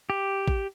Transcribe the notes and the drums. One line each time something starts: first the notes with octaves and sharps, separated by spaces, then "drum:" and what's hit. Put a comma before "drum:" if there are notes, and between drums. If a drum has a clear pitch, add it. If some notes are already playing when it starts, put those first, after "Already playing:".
G4
drum: kick A1